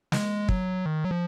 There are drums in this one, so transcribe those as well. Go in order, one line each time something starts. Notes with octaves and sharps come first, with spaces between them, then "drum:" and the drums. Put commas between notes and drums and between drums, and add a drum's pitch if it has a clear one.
G#3, drum: snare
F#3, drum: kick
D#3
F#3
F3